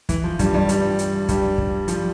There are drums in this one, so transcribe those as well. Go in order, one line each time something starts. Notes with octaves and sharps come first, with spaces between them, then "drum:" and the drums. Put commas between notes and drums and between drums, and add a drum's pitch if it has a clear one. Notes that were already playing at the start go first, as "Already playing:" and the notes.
E3, drum: kick, hi-hat
F3
G2 G3, drum: kick, hi-hat
G2 G3
G2 G3, drum: hi-hat
drum: hi-hat
G2 G3, drum: kick, hi-hat
drum: kick
F3, drum: hi-hat